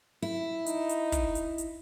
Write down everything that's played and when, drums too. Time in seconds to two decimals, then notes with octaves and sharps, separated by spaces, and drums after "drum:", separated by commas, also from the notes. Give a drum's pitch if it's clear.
0.22 E4
0.66 D#4, drum: hi-hat
0.89 drum: hi-hat
1.12 drum: kick, hi-hat
1.35 drum: hi-hat
1.58 drum: hi-hat